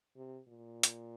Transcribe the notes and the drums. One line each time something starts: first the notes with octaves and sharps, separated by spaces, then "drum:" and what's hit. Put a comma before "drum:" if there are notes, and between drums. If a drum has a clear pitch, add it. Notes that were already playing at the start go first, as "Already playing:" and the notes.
C3
A#2
drum: hi-hat